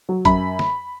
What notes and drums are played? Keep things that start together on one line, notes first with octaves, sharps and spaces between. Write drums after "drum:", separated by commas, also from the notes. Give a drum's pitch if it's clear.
F#3
F#2 B5, drum: kick, hi-hat
drum: snare